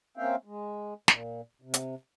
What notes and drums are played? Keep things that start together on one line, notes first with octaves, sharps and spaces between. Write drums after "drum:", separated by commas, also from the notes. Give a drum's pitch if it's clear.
A#3 C4 C#4 E5 F5 G5
G#3
A#2, drum: snare
C3
drum: hi-hat